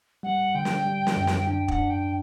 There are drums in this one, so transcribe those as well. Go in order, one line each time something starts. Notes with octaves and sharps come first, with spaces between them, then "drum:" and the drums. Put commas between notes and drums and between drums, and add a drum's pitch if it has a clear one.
G3 F#5
D3 G5
drum: snare
G3
drum: snare
F#2
drum: snare
D4 G5
F#5, drum: kick
D4
G5